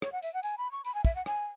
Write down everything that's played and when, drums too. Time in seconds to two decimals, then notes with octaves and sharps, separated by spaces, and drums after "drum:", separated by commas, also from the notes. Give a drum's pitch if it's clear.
0.02 C#5, drum: rim click
0.12 F#5
0.22 E5, drum: tambourine
0.34 F#5
0.43 G#5, drum: tambourine
0.58 B5
0.72 C#6
0.85 B5, drum: tambourine
0.94 G#5
1.05 E5, drum: kick, tambourine
1.15 F#5
1.26 G#5, drum: rim click